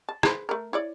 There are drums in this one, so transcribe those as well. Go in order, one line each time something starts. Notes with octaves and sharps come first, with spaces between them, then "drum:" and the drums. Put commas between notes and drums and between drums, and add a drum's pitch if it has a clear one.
A5
G#4 B4 C5, drum: rim click
A3 A#4
E4 C#5 D5